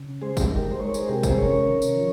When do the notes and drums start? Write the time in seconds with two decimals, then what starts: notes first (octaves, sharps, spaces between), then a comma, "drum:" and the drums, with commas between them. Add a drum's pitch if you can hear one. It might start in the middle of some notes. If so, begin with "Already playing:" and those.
Already playing: C#3
0.22 G#3 G#4 C5
0.37 G4, drum: kick F#1, tambourine
0.51 D#4 G4 A#4
0.71 C5
0.80 G#3 A#4 C#5
0.94 G#4 C5, drum: tambourine
1.09 C3 G4 A#4
1.23 G#4 C5, drum: kick F#1, tambourine
1.38 C#4 A#4 C#5
1.67 D#3
1.82 drum: tambourine
1.96 F3